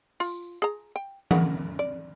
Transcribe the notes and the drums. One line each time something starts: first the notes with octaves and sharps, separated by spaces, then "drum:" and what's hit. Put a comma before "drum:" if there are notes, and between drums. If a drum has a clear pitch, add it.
F4, drum: tambourine
G#4 A#5
G5
C#3 A#3 F#5, drum: tom E3
D5